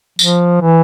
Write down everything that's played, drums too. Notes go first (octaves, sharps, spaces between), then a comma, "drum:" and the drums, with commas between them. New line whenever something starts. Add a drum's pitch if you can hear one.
F3, drum: tambourine
E3